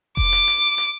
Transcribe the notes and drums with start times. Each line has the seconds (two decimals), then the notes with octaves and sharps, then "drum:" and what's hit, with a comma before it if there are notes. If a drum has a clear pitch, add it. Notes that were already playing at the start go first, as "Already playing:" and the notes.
0.17 D6, drum: kick F1
0.32 drum: hi-hat
0.47 drum: hi-hat
0.78 drum: hi-hat